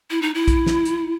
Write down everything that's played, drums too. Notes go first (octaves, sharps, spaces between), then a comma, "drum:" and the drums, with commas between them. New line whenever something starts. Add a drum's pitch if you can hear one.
E4
D#4
E4
drum: kick, hi-hat
drum: snare
drum: hi-hat